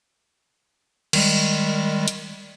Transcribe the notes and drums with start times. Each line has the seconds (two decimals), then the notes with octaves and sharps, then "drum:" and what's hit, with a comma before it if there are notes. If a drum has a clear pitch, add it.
1.13 D#3 G3 G#3, drum: cymbal
2.08 drum: hi-hat